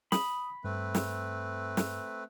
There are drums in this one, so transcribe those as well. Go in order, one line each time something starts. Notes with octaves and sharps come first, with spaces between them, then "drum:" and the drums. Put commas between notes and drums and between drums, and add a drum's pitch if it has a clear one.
B5 D#6, drum: snare
G2 A3 C4 B4
drum: snare
drum: snare